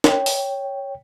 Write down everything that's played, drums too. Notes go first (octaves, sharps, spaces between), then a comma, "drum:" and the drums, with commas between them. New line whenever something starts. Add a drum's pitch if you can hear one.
C#5 G5, drum: snare
drum: open hi-hat